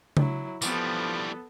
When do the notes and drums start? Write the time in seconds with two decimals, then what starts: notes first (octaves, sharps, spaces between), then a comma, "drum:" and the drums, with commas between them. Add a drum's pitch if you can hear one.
0.17 F#3 E4, drum: tom C#3
0.62 E3 F3 G3 B3 A4, drum: tambourine